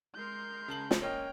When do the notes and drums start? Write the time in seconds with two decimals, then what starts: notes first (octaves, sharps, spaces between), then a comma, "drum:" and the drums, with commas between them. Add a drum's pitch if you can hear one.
0.14 G#3 A#4 C6 G6
0.68 C#3 A5 F#7
0.91 drum: snare
1.02 A#3 C#4 C#5 D#5 G5 F6